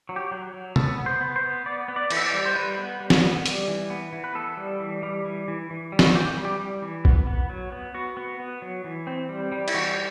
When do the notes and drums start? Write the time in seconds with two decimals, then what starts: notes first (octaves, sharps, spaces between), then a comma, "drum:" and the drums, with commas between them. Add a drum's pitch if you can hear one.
0.09 F#3
0.16 G4
0.31 F#3
0.54 F#3
0.76 B3 A4, drum: tom
0.98 B3
1.06 C5
1.21 B3
1.36 C5
1.43 B3
1.66 B3 D5
1.88 B3
1.96 D5
2.10 E3, drum: cymbal
2.17 E5
2.26 D5
2.33 G3
2.45 C5
2.55 G3 B4
2.78 B3
3.00 G3
3.10 drum: snare
3.23 B3
3.46 G3, drum: hi-hat
3.68 E3
3.90 B3
4.13 E3
4.24 B4
4.35 B3 A4
4.57 G3
4.80 E3
5.03 G3
5.25 E3
5.48 E3
5.70 E3
5.92 G3
5.99 E4, drum: snare
6.07 F#4
6.15 E3 G4
6.37 G3
6.45 G4
6.60 G3
6.82 E3
7.05 B3, drum: kick A#1
7.27 B3
7.49 F#3
7.72 B3
7.95 B3 F#4
8.17 B3
8.40 B3
8.62 F#3
8.84 E3
9.07 C4
9.29 G3
9.52 G3
9.68 E4, drum: cymbal
9.74 E3 F#4